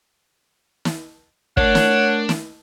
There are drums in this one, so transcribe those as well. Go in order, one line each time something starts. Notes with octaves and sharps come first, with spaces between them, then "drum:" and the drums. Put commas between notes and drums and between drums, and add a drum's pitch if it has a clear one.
drum: snare
A3 D4 A#4 C#5 F#5, drum: kick
drum: snare
drum: snare